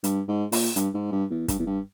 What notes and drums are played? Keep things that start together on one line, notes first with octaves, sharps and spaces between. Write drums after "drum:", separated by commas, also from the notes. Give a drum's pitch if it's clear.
G2, drum: hi-hat
G#2
A#2, drum: open hi-hat
G2, drum: hi-hat
G#2
G2
E2
G2, drum: kick, hi-hat
E2
G2